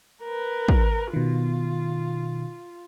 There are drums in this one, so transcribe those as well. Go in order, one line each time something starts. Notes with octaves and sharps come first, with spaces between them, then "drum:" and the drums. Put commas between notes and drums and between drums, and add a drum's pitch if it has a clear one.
A#4 B4
drum: kick
B2 D#3 F4